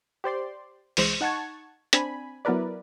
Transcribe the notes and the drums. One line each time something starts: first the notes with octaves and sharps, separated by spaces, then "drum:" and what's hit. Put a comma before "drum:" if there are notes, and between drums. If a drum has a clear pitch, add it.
G4 C5 D5 C6
C2 E3 G#3 C5, drum: open hi-hat
D#4 F#5 A5 C#6 G#6
C4 D4 G#5 B5, drum: hi-hat
F#3 B3 E4 A#4 B4 D5